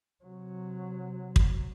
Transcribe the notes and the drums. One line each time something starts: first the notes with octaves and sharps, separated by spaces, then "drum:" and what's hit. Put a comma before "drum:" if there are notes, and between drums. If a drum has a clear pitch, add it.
C3 F#3
drum: kick